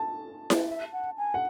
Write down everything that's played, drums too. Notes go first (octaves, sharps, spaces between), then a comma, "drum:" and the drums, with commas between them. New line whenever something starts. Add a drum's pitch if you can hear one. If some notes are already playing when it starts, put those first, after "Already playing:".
Already playing: A5
drum: snare E4
E5
F#5
G#5
F#5